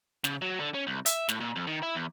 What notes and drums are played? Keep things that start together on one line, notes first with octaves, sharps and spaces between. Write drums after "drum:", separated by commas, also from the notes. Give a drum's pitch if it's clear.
C#3, drum: snare
F#3
D3
C#4
C2
E5, drum: hi-hat
A2, drum: snare
A#2
F2
D#3
E4
E2